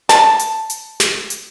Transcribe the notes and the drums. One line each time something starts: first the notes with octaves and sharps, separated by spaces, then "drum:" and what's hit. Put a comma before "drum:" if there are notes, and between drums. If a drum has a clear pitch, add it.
A5, drum: snare
drum: hi-hat
drum: hi-hat
drum: snare
drum: hi-hat